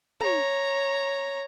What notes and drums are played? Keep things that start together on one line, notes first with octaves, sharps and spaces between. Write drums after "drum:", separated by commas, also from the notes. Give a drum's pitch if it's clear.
C#5 A#5, drum: tom